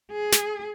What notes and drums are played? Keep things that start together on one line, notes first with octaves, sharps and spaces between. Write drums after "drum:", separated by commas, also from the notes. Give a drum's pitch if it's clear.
G#4
drum: snare